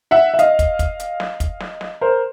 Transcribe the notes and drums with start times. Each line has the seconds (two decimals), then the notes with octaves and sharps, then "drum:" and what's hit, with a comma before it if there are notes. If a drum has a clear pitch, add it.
0.11 E5 F#5
0.34 E5
0.39 D#5 F5, drum: hi-hat
0.59 drum: kick, hi-hat
0.79 drum: kick, hi-hat
1.00 drum: hi-hat
1.20 drum: snare
1.40 drum: kick, hi-hat
1.60 drum: snare
1.81 drum: snare
2.01 A#4 C5